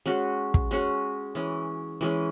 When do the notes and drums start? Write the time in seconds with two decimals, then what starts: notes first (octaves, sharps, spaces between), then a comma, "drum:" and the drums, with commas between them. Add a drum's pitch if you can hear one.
0.06 G#3 C#4 F#4
0.54 drum: kick
0.71 G#3 C#4 F#4
1.35 E3 G#3 C#4
2.01 E3 G#3 C#4